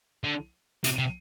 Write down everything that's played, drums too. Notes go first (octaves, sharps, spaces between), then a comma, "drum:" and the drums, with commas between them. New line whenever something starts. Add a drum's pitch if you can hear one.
D3
C3, drum: hi-hat
C3